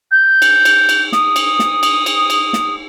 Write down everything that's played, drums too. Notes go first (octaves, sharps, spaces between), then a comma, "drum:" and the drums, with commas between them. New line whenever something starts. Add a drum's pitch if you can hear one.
G6
drum: cymbal
drum: cymbal
drum: cymbal
D#6, drum: snare
drum: cymbal
drum: snare
drum: cymbal
drum: cymbal
drum: cymbal
drum: snare